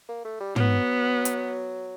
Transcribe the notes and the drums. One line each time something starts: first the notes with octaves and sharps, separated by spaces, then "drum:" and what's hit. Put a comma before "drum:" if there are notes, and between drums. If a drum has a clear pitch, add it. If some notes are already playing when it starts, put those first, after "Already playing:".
A#3
A3
G3
F#3 B3, drum: tom
drum: hi-hat